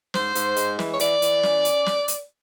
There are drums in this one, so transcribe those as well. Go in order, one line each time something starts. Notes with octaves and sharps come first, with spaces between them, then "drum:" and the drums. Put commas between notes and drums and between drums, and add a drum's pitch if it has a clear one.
G#2 C5, drum: snare
G#2, drum: hi-hat
G#3, drum: hi-hat
E3, drum: snare
C#5
E3 D5, drum: hi-hat
E3, drum: hi-hat
C#4, drum: snare
drum: hi-hat
drum: snare
drum: hi-hat